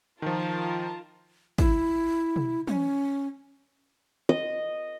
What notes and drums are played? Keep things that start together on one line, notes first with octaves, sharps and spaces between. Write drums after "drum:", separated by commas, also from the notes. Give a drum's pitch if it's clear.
D#3 F3 F4 A#4 A5
E4, drum: kick
drum: tom B2
C#4, drum: tom
D#5